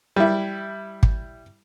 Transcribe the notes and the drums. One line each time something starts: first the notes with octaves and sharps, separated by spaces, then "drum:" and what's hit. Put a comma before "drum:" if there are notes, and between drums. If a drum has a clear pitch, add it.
G3 E4
drum: kick